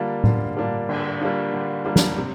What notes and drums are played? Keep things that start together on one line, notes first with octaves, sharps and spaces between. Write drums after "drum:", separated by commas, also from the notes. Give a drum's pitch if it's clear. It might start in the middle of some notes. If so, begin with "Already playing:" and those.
Already playing: D3 G3 A#3 D4 F4
D3, drum: tom A2
G3 A#3 D4 F4
D3, drum: cymbal
G3 A#3 D4 F4
D3
G3 A#3 D4 F4
drum: snare
C3